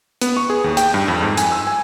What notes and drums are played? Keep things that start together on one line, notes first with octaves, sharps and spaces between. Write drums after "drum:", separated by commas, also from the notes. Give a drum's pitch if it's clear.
B3, drum: hi-hat
C#6
G#4
D#2
G5, drum: hi-hat
G2
F2
G#2
G#5, drum: hi-hat
E6
G#5